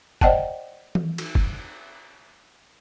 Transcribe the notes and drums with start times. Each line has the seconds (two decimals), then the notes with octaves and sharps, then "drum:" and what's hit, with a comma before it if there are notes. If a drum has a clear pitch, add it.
0.21 C5 D5 D#5 F#5 G5 A5, drum: kick
0.95 drum: tom E3
1.18 drum: cymbal
1.35 drum: kick